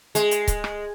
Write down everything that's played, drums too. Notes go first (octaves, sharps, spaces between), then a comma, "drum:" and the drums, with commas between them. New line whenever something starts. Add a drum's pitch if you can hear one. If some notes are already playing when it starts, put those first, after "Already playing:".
G#3, drum: hi-hat
drum: hi-hat
drum: kick C#1, hi-hat
drum: rim click